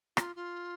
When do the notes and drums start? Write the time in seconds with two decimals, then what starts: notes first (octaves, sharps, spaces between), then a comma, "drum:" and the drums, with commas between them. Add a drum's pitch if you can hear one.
0.17 F4, drum: rim click
0.36 F4